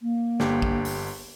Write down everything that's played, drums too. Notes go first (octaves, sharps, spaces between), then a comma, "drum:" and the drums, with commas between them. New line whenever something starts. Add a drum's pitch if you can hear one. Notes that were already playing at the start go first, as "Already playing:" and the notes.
A#3
G1 D3 G4, drum: snare
drum: kick
drum: open hi-hat